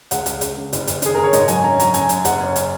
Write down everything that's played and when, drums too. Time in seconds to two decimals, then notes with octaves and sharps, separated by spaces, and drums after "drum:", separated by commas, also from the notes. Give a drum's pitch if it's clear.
0.11 C#2 F#5, drum: hi-hat
0.26 C#2, drum: hi-hat
0.41 C#2, drum: hi-hat
0.57 C#3
0.73 F#1, drum: hi-hat
0.87 F#1, drum: hi-hat
1.02 D#3 G#4, drum: hi-hat
1.15 F#1 A#4
1.24 C#5
1.33 G#2 D#5, drum: hi-hat
1.48 F#3 G#5, drum: hi-hat
1.64 C#4 A#5
1.80 F#3 A#5, drum: hi-hat
1.94 F#2 G#5, drum: hi-hat
2.09 F#2, drum: hi-hat
2.25 F#1 F#5, drum: hi-hat
2.40 C#4
2.56 drum: hi-hat